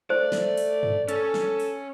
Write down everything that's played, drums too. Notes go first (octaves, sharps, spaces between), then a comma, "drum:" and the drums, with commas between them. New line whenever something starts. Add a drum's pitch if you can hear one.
A3 C5 D5
drum: snare
drum: open hi-hat
drum: tom G2
C#4 A4, drum: hi-hat
drum: snare
drum: open hi-hat